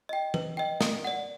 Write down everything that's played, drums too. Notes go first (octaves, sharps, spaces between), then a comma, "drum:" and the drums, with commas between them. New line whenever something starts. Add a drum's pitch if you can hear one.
D#5 G5
B4, drum: tom
D#5 G5
A#4 D#6, drum: snare
D5 F#5